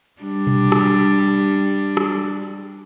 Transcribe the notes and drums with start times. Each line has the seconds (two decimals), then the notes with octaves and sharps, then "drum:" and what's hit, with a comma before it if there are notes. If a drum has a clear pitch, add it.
0.22 G3 D4
0.47 drum: tom B2
0.72 drum: rim click
1.97 drum: rim click